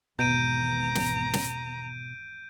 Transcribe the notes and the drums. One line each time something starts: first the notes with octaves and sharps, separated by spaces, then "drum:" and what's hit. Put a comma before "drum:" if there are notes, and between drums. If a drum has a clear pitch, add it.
G#1 E2 B2 B3 A#5 G6 D7 D#7
drum: snare
drum: snare